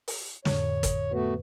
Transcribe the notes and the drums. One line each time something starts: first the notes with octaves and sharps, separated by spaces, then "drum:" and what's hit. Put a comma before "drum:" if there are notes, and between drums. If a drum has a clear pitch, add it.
drum: open hi-hat
F2 A2 D3 C#5, drum: snare
drum: kick, hi-hat
A3 B3 F#4 B4